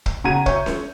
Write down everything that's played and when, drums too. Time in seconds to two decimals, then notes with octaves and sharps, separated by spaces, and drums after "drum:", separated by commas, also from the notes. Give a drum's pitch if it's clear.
0.06 drum: kick
0.24 C#3 F#4 A#5 G#6 D#7
0.46 C#5 E5 G6, drum: kick
0.66 drum: snare C#4